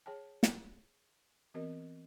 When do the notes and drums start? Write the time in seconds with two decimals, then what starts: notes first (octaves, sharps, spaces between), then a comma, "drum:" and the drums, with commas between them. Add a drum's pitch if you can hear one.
0.06 G#4 C#5 G5 A5
0.43 drum: snare
1.54 E3 B3 C4 F#4 A#4 D#5